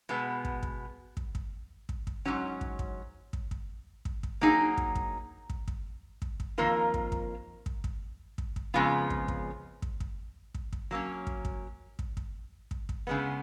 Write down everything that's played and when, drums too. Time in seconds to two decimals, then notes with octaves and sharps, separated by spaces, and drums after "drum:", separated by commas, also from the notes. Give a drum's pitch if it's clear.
0.09 B2 G#3 B3
0.45 drum: kick
0.63 drum: kick
1.17 drum: kick
1.35 drum: kick
1.89 drum: kick
2.07 drum: kick
2.25 G#2 D#3 F#3 C#4
2.61 drum: kick
2.79 drum: kick
3.33 drum: kick
3.51 drum: kick
4.05 drum: kick
4.23 drum: kick
4.41 F#3 A#3 D#4 G#4
4.77 drum: kick
4.95 drum: kick
5.50 drum: kick
5.68 drum: kick
6.22 drum: kick
6.40 drum: kick
6.58 F2 D#3 A#3 F4 A#4
6.94 drum: kick
7.12 drum: kick
7.66 drum: kick
7.84 drum: kick
8.38 drum: kick
8.56 drum: kick
8.74 F2 C#3 G#3 B3 F4
9.10 drum: kick
9.28 drum: kick
9.82 drum: kick
10.00 drum: kick
10.54 drum: kick
10.73 drum: kick
10.91 F#3 A#3 C#4
11.27 drum: kick
11.45 drum: kick
11.99 drum: kick
12.17 drum: kick
12.71 drum: kick
12.89 drum: kick
13.07 C#3 G#3 B3